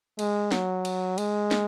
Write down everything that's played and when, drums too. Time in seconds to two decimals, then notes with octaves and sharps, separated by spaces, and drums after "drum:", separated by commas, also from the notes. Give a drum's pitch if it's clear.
0.19 G#3, drum: cymbal
0.52 F#3, drum: snare
0.85 drum: cymbal
1.18 G#3, drum: cymbal
1.51 drum: snare